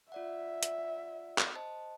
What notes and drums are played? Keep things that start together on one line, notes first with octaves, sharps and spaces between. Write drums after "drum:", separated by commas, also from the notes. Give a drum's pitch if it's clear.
F4 D5 E5 F#5
drum: hi-hat
drum: clap
C5 D#5 A5